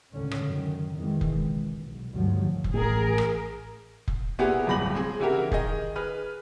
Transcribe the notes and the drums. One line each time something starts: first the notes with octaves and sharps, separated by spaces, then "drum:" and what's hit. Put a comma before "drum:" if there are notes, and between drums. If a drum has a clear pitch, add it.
C#2 A2 D3 C#4
drum: rim click
F#2 D#3
F2 B2 D#3 E3 G#3
drum: kick F1
C#2
B1
G1 D2 G2 D#3 F3 F#3
drum: kick F1
A1 G#4 A#4
drum: rim click
drum: kick F1
A#2 B3 E4 G4 G#4
D1 G1 B5 A#6 F#7
C4 G#4
C#3 E3 E4 F#4 G4 A#4
D#3 G#4 D#5, drum: kick F1
G#4 B4 F6